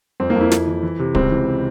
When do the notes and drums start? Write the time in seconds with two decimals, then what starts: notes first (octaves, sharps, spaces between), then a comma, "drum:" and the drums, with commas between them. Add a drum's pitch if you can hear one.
0.20 F2 C4
0.30 A#3
0.36 F2
0.41 E4
0.51 F2, drum: snare
0.67 E3
0.82 E3
0.99 C3
1.15 C#2 C4, drum: kick D1
1.31 E3